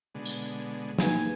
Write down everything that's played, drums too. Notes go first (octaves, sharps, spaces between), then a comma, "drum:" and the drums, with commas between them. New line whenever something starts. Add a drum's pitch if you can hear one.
B2 D3 G#3
drum: tambourine
A#3 D#4 G4 G#4 B4 G#5, drum: snare